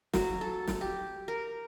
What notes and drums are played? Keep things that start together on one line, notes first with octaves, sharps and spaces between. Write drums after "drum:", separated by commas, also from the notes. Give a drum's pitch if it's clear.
F#3, drum: snare
A4
drum: snare
G4
A#4